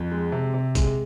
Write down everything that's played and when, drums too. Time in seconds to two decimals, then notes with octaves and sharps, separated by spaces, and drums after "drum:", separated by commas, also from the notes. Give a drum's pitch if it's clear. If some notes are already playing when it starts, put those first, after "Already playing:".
Already playing: F2
0.12 G#3
0.32 C3
0.54 C3
0.75 G#3, drum: kick, hi-hat